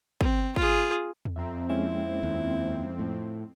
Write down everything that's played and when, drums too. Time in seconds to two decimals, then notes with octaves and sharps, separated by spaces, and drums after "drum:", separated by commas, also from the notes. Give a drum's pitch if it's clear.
0.21 C4, drum: kick
0.56 F4 G#4, drum: kick
1.25 drum: tom E2
1.36 F2 C4 E5 A#5
1.70 G#3 A#3 C#4 E4
2.23 D#2
2.99 A2